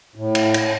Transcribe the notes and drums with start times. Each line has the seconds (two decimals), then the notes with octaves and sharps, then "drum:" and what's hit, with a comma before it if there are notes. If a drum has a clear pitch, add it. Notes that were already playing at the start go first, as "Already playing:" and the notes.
0.16 A2
0.35 drum: cymbal
0.54 drum: cymbal